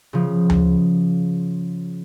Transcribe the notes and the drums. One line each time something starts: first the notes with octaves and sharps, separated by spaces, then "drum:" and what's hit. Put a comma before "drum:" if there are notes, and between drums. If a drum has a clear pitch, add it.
C#3 F3
drum: tom D2